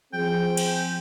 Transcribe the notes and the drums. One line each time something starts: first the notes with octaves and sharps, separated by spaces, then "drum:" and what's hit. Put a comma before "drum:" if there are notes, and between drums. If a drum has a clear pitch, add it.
F3 C4 G#4 G5
drum: cymbal